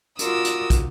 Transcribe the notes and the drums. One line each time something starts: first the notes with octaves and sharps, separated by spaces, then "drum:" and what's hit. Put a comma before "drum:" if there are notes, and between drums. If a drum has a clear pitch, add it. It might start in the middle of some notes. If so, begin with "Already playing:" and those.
F4 F#4 A#4 D5 D#6 E6, drum: hi-hat
drum: hi-hat
drum: kick, hi-hat